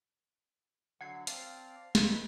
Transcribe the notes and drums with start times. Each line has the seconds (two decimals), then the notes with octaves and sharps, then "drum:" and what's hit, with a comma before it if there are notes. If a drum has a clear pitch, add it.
1.01 D3 F#3 F#5 G#6 C7
1.27 C4 D5 F5 A5, drum: hi-hat
1.95 G#3 D#4 B4 E6, drum: snare